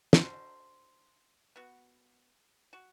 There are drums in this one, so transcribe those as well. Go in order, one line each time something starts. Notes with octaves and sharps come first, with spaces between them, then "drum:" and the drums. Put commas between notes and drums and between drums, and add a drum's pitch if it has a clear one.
D4 F#4 A4 C5, drum: snare
B3 F#4
F#4